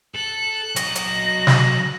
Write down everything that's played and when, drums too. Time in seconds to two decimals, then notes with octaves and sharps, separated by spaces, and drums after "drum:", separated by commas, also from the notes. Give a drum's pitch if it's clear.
0.15 A4 F#6
0.76 F#3 D#5 A#6, drum: hi-hat
0.95 drum: hi-hat
1.47 drum: snare